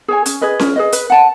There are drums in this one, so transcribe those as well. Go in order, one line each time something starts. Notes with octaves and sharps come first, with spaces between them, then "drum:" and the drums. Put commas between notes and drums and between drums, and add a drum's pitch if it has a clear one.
G#4 C#5 G#5
C#4, drum: hi-hat
G#4 B4 D#5
C#4, drum: snare C#4
G#4 B4 D#5
B4, drum: hi-hat
F#5 A5